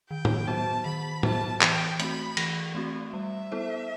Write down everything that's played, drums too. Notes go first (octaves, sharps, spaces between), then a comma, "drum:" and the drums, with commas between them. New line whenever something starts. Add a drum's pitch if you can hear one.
D#3 G5
drum: tom A2
F#3 B3 F#4 C5 A5
D#3 B5
F#3 B3 F#4 C5 A5, drum: tom A2
E3 G5, drum: clap
A3 C4 F#4 B5, drum: hi-hat
E3, drum: cymbal
A3 C4 F#4
G3 E5
B3 E4 A4 C5